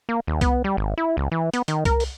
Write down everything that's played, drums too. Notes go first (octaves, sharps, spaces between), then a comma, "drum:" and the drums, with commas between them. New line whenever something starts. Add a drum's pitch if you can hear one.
A#3
D#2
B3, drum: kick C2, hi-hat
G3
G#1
E4
C#2
E3
B3, drum: hi-hat
D#3, drum: hi-hat
A#4, drum: kick C2, hi-hat
drum: open hi-hat